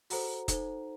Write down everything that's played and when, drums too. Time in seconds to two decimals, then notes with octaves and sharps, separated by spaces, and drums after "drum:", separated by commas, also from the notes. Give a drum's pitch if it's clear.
0.10 F#4 A4 C5 F#5 A#5, drum: open hi-hat
0.48 D#4 A4 C5, drum: kick F1, hi-hat